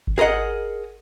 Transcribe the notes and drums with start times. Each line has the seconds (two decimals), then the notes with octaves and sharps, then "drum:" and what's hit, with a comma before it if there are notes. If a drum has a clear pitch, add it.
0.07 drum: kick G#1
0.18 G#4 A#4 B4 D#5 F#5